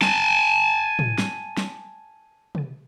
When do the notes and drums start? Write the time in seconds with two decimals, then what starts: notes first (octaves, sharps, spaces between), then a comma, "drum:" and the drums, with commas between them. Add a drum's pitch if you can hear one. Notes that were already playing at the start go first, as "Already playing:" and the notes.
0.01 G#5 A5, drum: snare
0.99 drum: tom
1.18 drum: snare
1.57 drum: snare
2.55 drum: tom